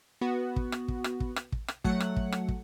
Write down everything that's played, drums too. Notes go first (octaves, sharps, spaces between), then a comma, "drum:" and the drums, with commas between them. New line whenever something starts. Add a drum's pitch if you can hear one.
B3 F#4
drum: kick
drum: rim click
drum: kick
drum: rim click
drum: kick
drum: rim click
drum: kick
drum: rim click
F#3 A3 F#5, drum: kick
drum: rim click
drum: kick
drum: rim click
drum: kick